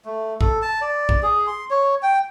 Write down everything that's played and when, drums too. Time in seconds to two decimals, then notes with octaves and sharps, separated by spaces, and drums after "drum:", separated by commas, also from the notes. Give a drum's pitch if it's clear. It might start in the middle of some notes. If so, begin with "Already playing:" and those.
0.05 A3
0.41 A4, drum: kick A#1
0.62 A5
0.81 D5
1.09 drum: kick A#1
1.23 G#4
1.47 C6
1.70 C#5
2.03 G5